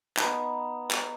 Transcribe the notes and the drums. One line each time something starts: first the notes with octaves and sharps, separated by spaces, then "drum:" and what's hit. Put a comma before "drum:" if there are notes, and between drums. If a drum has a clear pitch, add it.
B3 D#4, drum: clap
drum: clap